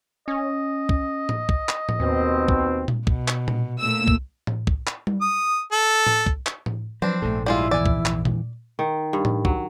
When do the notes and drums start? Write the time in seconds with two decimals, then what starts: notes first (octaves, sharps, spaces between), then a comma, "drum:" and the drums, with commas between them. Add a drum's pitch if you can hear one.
0.28 C#4 D#5
0.89 drum: kick
1.29 drum: tom A2
1.49 drum: kick
1.69 drum: clap
1.89 drum: tom A2
2.00 D#2 B2 C4
2.48 drum: kick
2.88 drum: tom A#2
3.07 B2, drum: kick
3.28 drum: clap
3.48 drum: tom A#2
3.80 A#2 A3 E6
4.08 drum: kick
4.47 drum: tom A2
4.67 drum: kick
4.87 drum: clap
5.07 drum: tom G3
5.21 D#6
5.72 A4
6.06 drum: tom A2
6.26 drum: kick
6.46 drum: clap
6.66 drum: tom A2
7.02 F3 F#3 C4 D4 B4
7.22 A#1 G#2 A3 A4
7.46 G3 G#3 E4 F4
7.71 E2 E3 D5 G#5
7.86 drum: kick
8.05 drum: clap
8.25 drum: tom A#2
8.79 D#3
9.13 G2
9.25 drum: tom A2
9.45 F#3, drum: kick